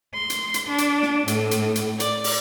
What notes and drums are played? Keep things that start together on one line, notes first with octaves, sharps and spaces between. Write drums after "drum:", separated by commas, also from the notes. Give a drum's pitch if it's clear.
C6
drum: hi-hat
drum: hi-hat
D4
drum: hi-hat
drum: snare
A2, drum: hi-hat
drum: hi-hat
drum: hi-hat
D5, drum: hi-hat
drum: open hi-hat